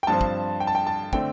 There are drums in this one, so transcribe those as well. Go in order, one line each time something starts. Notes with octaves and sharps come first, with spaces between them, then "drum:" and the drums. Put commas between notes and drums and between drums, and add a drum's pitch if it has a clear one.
G5
G2 F3 C4 A5
drum: kick
G5
A5
G5
A5
D3 A3 C4 G5, drum: kick